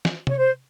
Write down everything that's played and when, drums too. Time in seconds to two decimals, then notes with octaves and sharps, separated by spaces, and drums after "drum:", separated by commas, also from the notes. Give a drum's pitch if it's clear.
0.05 drum: snare
0.27 C#5, drum: tom C3
0.37 C5